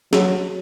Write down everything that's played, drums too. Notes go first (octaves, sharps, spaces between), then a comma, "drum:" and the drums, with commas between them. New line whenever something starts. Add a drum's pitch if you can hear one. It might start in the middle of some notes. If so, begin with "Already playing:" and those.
F#3, drum: snare